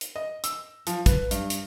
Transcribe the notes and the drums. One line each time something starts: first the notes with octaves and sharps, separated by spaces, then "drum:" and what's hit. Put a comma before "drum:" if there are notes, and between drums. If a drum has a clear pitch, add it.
drum: hi-hat
D#5
E6, drum: hi-hat
F3, drum: hi-hat
B4, drum: kick, hi-hat
G2, drum: hi-hat
drum: hi-hat